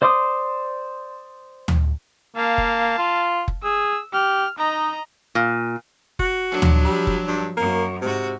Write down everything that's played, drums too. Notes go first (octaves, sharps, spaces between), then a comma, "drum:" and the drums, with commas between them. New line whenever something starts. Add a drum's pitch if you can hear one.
C5 D5 C6 D6 D#6
drum: tom
A#3 F5 A5
drum: kick
F4
drum: kick
G#4 E6
G4 F6
D#4 D#5 A#5
A#2
F#4, drum: kick
F3 F#3 D4
drum: tom
G3
drum: kick
G2
F#2 A#3
G#2 C3 F#4